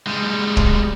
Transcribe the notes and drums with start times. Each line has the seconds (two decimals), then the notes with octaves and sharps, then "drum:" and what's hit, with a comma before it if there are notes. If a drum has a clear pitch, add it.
0.07 G3 G#3
0.57 drum: kick